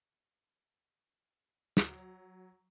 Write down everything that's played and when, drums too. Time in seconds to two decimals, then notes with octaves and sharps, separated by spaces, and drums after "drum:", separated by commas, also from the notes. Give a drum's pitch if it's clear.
1.77 F#3, drum: snare